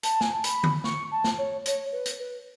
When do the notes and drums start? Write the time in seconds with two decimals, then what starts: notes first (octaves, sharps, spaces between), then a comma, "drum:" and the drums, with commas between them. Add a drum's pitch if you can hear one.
0.03 A5, drum: hi-hat
0.21 G#5, drum: snare
0.32 A5
0.44 B5, drum: hi-hat
0.63 drum: tom D3
0.84 C#6, drum: snare
1.11 A5
1.24 drum: snare
1.37 C#5
1.66 C#5, drum: hi-hat
1.92 B4
2.05 drum: hi-hat
2.18 B4